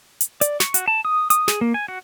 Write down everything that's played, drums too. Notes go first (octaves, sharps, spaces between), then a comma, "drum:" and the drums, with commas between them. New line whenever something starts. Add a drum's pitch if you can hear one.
drum: hi-hat
D5, drum: hi-hat
C#6, drum: snare
F#4, drum: hi-hat
A5
D#6
D#6, drum: hi-hat
G#4, drum: snare
A#3
G#5
F#4